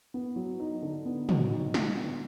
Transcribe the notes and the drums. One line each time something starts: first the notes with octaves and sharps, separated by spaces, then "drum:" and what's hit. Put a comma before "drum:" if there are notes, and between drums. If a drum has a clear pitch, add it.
B3
F#3
D#4
D3
B3
F#3, drum: tom
D#4
D3, drum: snare
B3